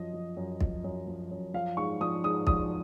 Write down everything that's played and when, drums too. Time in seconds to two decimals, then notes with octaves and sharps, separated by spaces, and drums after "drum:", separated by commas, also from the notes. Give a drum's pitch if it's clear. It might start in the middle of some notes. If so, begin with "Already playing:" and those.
Already playing: F#2 F3 D#5
0.14 F3
0.37 F#2
0.61 F3, drum: kick
0.84 F#2
1.07 F3
1.31 F#2
1.54 F3 F5
1.77 G#2 C#6
2.00 F3 D#6
2.24 G#2 D#6
2.47 F3 D#6, drum: kick